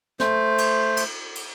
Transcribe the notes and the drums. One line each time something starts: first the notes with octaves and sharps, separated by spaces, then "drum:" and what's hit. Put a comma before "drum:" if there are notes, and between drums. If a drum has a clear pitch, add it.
A3 C5, drum: snare
drum: cymbal
drum: cymbal
drum: cymbal